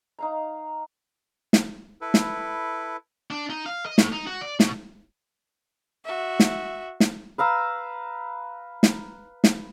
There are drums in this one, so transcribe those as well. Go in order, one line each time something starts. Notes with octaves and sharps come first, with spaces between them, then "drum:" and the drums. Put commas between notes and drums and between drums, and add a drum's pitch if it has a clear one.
D#4 F5 A#5
drum: snare
E4 A4 B4
drum: snare
D4
D#4
F5
D#5
A2, drum: snare
D#4
F#4
D5
B2, drum: snare
F#4 E5
drum: snare
drum: snare
B4 F5 A#5 E6
drum: snare
drum: snare